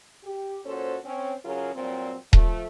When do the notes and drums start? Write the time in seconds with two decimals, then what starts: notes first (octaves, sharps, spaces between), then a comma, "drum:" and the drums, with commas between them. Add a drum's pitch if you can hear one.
0.23 G4
0.65 A#2 C#4 F#4 A4 C5
1.05 C4 C#4
1.45 C#3 F#3 C#4 F4 G#4 A#4
1.75 G2 A#2 F#3 C4
2.33 F3 A3, drum: kick D#1